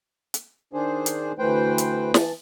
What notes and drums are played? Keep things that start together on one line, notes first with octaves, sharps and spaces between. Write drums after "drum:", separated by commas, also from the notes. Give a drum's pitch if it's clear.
drum: hi-hat
D#3 D4 G#4 C5
drum: hi-hat
D2 E3 A3 B4 C5 G5
drum: hi-hat
E3 A5, drum: snare